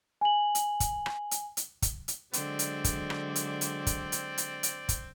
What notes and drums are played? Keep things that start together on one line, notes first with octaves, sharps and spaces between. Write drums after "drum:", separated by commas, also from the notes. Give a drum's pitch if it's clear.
G#5 F#7
drum: hi-hat
drum: kick, hi-hat
drum: rim click
drum: hi-hat
drum: hi-hat
drum: kick, hi-hat
drum: hi-hat
D3 F#3 G#3 C4 D5, drum: hi-hat
drum: hi-hat
drum: kick, hi-hat
drum: rim click
drum: hi-hat
drum: hi-hat
drum: kick, hi-hat
drum: hi-hat
drum: hi-hat
drum: hi-hat
drum: kick, hi-hat